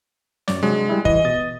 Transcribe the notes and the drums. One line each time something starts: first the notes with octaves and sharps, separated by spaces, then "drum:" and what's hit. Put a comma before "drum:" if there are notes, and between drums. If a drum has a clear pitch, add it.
F#2 C#5 D5, drum: snare
C3 F#3 G#3 D4
G3 E4
E3 D#5, drum: kick
B2 D#6 A6